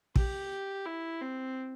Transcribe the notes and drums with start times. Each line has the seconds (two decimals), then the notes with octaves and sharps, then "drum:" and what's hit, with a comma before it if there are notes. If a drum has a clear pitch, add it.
0.16 G4, drum: kick
0.86 E4
1.21 C4